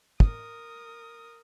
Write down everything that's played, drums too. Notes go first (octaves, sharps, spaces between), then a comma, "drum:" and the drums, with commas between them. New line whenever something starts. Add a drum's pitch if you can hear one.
A#4 D#6, drum: kick